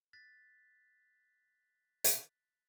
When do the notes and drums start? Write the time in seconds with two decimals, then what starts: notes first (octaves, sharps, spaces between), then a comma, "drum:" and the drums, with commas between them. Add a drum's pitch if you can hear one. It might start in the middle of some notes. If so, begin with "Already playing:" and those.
0.13 F#6 A6 B6
2.04 drum: hi-hat